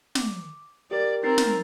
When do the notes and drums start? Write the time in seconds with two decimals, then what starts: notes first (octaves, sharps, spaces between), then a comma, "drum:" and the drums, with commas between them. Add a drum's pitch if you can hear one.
0.15 D6, drum: snare
0.91 G4 A#4 D5
1.23 C4 D#4 A#4 A6 C7
1.38 drum: snare